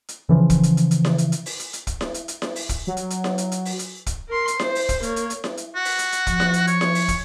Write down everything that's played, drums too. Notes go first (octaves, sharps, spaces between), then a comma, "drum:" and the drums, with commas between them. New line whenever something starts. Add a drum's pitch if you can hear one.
drum: hi-hat
C#3 E3 F3
drum: kick, hi-hat
drum: hi-hat
drum: hi-hat
drum: hi-hat
drum: snare E4
drum: hi-hat
drum: hi-hat
drum: open hi-hat
drum: hi-hat
drum: hi-hat
drum: kick, hi-hat
drum: snare E4
drum: hi-hat
drum: hi-hat
drum: snare E4
drum: open hi-hat
drum: kick, hi-hat
F#3
drum: hi-hat
drum: hi-hat
drum: snare E4
drum: hi-hat
drum: hi-hat
drum: open hi-hat
drum: hi-hat
drum: kick, hi-hat
A#4 C6
drum: hi-hat
C5, drum: snare E4
drum: open hi-hat
drum: kick, hi-hat
A#3 C#5, drum: hi-hat
drum: hi-hat
drum: hi-hat
drum: snare E4
drum: hi-hat
F#4
drum: open hi-hat
drum: hi-hat
drum: hi-hat
F3, drum: kick, hi-hat
drum: snare E4
drum: hi-hat
C#5, drum: hi-hat
drum: snare E4
drum: open hi-hat
drum: kick, hi-hat